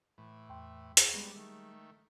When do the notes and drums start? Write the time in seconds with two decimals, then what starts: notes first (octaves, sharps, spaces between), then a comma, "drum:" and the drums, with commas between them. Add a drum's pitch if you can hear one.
0.18 A2 E3
0.49 E2 G5 C6
0.97 D2 G#4 G5 A#5, drum: hi-hat
1.14 G3 G#3 B3 C4 D4
1.35 D#3 A3